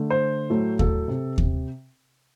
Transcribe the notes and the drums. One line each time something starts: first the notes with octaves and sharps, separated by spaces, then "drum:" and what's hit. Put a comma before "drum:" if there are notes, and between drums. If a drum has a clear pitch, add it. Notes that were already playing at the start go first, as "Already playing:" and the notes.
Already playing: D3 A3
C5
A2 F#3 A3
A4, drum: kick D#2
C3
drum: kick D#2